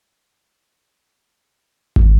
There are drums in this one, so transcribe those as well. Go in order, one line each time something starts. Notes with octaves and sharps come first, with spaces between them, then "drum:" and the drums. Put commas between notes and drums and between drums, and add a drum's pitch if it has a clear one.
F#3 A#3 C#4 F#4 F#5
F#4 F#5
drum: kick G#1